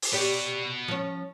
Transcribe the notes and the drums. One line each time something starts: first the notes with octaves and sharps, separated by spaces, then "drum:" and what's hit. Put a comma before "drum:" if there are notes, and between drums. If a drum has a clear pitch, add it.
drum: open hi-hat
B3 F#4 G4 D5
F3 C#4